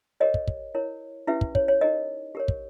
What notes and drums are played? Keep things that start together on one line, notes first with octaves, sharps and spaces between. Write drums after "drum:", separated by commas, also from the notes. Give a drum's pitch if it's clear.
G4 A#4 C#5 D#5
drum: kick
drum: kick
E4 A#4 C#5
C#4 E4 G4 B4 E5
drum: kick
C#5, drum: kick
C#5
D#4 G4 A#4 D#5
G4 A#4 C#5
drum: kick